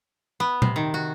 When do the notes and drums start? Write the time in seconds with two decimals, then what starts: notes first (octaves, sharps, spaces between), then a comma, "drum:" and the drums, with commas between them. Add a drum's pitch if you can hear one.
0.40 B3
0.62 C3, drum: tom A#2
0.76 D#3
0.94 F#4